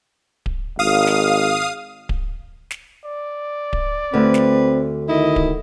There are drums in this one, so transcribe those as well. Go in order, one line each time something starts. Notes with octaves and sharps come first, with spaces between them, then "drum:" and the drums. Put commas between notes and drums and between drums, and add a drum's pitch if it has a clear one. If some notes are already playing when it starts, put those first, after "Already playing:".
drum: kick D1
G#1 F5 D#6
drum: snare
drum: kick D1
drum: snare
D5
drum: kick D1
D2 C4 B4
drum: snare
D#3 E4 D#5
drum: kick D1